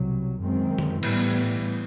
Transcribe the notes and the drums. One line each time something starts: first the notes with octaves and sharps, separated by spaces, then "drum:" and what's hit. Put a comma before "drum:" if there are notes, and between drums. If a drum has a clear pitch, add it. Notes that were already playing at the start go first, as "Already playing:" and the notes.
Already playing: C2 B2 F#3
F#2 D#3 G#3 C4
drum: tom D3
A2 E3 G3 B3, drum: cymbal